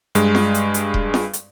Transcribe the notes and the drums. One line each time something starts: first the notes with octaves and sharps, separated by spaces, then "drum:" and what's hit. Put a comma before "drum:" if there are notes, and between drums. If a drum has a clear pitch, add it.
G2 G#3, drum: hi-hat
drum: snare
drum: hi-hat
drum: hi-hat
drum: kick D#1
drum: snare
drum: hi-hat